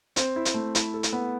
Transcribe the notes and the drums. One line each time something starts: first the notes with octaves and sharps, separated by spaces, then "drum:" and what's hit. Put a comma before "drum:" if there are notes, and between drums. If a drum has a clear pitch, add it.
C4, drum: hi-hat
E4
drum: hi-hat
A3
E4, drum: hi-hat
A4
drum: hi-hat
B3